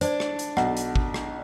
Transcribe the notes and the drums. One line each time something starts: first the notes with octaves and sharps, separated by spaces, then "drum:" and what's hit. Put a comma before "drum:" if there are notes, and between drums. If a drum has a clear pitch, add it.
D4 C5 D5, drum: hi-hat
drum: rim click
drum: hi-hat
B1 F#5, drum: rim click
drum: hi-hat
drum: kick
drum: rim click